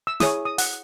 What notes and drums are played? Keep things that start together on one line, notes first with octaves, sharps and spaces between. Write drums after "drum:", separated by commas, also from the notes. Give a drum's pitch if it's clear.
E6
E4 G#4 C#5 D#6, drum: snare
D#6
F#5, drum: open hi-hat